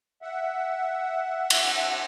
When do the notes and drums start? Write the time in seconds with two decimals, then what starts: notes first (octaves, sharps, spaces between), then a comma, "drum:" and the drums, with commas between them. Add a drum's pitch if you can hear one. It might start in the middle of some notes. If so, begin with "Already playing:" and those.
0.22 E5 F#5
1.50 drum: cymbal